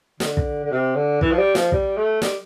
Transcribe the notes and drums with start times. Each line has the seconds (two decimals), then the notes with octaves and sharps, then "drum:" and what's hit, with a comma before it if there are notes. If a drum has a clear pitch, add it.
0.20 D3, drum: snare
0.37 drum: kick
0.63 D3
0.71 C3
0.96 D3
1.21 E3, drum: kick
1.32 F3
1.38 G3
1.55 F3, drum: snare
1.72 G3, drum: kick
1.97 A3
2.22 G3, drum: snare